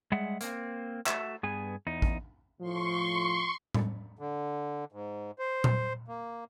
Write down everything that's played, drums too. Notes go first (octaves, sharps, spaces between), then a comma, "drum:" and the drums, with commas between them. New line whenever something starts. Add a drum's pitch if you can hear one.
G3 G#3 G#4 E5 F#5
A#3 C4, drum: hi-hat
A3 F#4 E5, drum: clap
G2 B3 G#4 G#5
E2 D#4
drum: kick
A2 F3 C6 C#6
drum: tom A2
D3
G#2
C5
drum: tom A#2
A#3